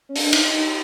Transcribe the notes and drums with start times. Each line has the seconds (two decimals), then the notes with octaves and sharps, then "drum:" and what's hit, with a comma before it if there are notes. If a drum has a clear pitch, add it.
0.09 C#4
0.15 D4, drum: open hi-hat
0.33 D#4, drum: cymbal
0.50 D#4